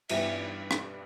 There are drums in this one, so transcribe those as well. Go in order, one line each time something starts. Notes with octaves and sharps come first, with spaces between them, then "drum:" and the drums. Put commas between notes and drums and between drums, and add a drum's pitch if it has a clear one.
G2 E3 B3 D4 G4 E5, drum: cymbal
drum: rim click